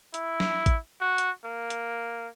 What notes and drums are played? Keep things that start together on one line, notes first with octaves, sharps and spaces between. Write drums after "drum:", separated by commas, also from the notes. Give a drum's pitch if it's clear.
E4, drum: hi-hat
drum: snare
drum: kick A1, hi-hat
F#4
drum: hi-hat
A#3
drum: hi-hat